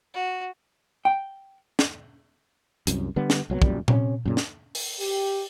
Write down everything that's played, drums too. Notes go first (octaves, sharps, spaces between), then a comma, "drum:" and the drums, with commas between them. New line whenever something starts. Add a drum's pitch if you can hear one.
F#4
G5
drum: snare
C2 F#2, drum: hi-hat
D3 G3 B3
drum: snare
C2 F#3 G3 B3
E1 F#2 A#2 G3, drum: kick
C3 C4 C#4, drum: tom A#2
F#2 A#2 C#3
drum: snare
drum: open hi-hat
G4, drum: open hi-hat